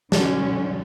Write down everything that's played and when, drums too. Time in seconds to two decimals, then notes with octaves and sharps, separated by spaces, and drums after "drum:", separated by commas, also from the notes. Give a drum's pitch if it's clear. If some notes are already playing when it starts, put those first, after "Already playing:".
0.12 D3 F#3 G#3 C#4 D4, drum: snare